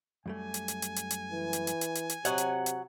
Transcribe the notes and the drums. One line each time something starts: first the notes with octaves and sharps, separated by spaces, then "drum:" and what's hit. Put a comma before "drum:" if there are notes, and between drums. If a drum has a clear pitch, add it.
F#2 G3 A3 G#5
drum: hi-hat
drum: hi-hat
drum: hi-hat
drum: hi-hat
drum: hi-hat
E3
drum: hi-hat
drum: hi-hat
drum: hi-hat
drum: hi-hat
drum: hi-hat
C3 F#3 C#5 D#5 F#5, drum: hi-hat
drum: hi-hat
drum: hi-hat